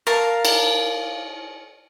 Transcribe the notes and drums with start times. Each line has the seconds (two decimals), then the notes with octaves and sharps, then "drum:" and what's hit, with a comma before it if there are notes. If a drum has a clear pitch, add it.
0.07 A#4 F5 A5
0.45 drum: cymbal